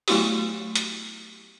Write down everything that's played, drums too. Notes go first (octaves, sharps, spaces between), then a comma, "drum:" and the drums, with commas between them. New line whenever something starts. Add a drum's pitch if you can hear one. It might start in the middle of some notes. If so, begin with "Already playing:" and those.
F#3 A3 B3 E4 F#4 G4, drum: open hi-hat
drum: hi-hat